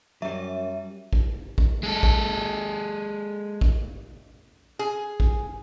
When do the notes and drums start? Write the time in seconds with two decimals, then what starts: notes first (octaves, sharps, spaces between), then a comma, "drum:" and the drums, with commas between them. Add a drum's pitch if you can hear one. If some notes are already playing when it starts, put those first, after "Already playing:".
0.22 F#2 F#3 G3 E5
1.13 drum: kick
1.58 drum: kick
1.83 G#3 A4
2.03 drum: kick
3.61 drum: kick
4.79 G#4
5.20 drum: kick